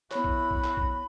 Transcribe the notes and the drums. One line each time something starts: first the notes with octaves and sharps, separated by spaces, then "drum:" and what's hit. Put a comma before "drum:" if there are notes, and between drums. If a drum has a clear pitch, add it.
B3 E4 F#4 C#5 B5, drum: clap
drum: kick
drum: kick
drum: clap
drum: kick